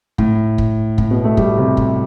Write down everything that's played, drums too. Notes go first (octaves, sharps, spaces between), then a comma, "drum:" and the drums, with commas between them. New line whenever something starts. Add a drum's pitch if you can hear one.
A2, drum: kick
drum: kick
A2, drum: kick
B2
A3
G3, drum: kick
C3
drum: kick